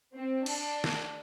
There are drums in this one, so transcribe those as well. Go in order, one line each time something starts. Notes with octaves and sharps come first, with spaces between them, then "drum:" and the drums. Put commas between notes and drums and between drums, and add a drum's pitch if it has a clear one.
C4
D4, drum: cymbal
drum: snare